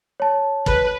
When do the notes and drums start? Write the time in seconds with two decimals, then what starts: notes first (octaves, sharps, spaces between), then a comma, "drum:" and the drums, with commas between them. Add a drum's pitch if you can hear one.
0.20 C#5 A5
0.66 B4, drum: kick